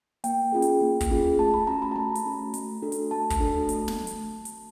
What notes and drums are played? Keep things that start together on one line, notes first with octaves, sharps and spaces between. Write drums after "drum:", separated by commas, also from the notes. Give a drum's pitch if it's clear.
A#3 G5, drum: hi-hat
C#4 F4 G#4
drum: hi-hat
A#3
drum: kick, hi-hat
C#4 F4 G#4
A3 A5
B5
C#4 F#4 A#5
B5
A5
A3 A#5
drum: hi-hat
C#4 F#4
A3, drum: hi-hat
D4 F#4 A4
drum: hi-hat
A3 A5
drum: kick, hi-hat
D4 F#4 A4
A3, drum: hi-hat
drum: snare
drum: hi-hat
drum: hi-hat